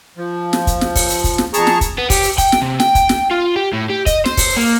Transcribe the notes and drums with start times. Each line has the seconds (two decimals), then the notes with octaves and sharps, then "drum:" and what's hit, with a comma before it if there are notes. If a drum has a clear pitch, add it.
0.18 F3
0.53 drum: snare
0.67 drum: kick, hi-hat
0.81 drum: snare
0.96 drum: kick, open hi-hat
1.10 drum: hi-hat
1.24 drum: kick, hi-hat
1.38 drum: snare
1.54 F2 G#4 A5 A#5 C#6, drum: hi-hat
1.67 drum: snare
1.81 drum: kick, hi-hat
1.98 B3
2.10 G4, drum: kick, open hi-hat
2.24 drum: hi-hat
2.38 G5, drum: kick, hi-hat
2.52 drum: snare
2.62 C3
2.80 G5, drum: snare
2.95 drum: kick, hi-hat
3.09 drum: snare
3.31 F4
3.56 G4
3.73 A2
3.89 G4
4.06 D#5, drum: kick, hi-hat
4.25 C5, drum: snare
4.37 drum: kick, open hi-hat
4.57 A#3